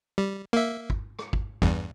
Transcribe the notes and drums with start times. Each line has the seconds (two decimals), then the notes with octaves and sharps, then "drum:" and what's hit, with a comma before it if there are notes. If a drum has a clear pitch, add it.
0.18 G3
0.53 A#3 E5
0.90 drum: kick
1.19 drum: rim click
1.33 drum: kick
1.62 E2 G2, drum: kick